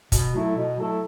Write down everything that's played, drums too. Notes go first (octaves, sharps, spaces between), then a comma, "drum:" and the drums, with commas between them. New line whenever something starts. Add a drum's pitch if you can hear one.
B2, drum: kick, hi-hat
F#3 A3 E4 A4
B2
F#3 A3 E4 A4